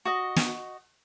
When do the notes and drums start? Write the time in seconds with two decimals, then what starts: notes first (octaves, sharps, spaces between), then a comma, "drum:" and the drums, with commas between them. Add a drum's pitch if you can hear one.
0.05 F#4 D#5
0.36 drum: snare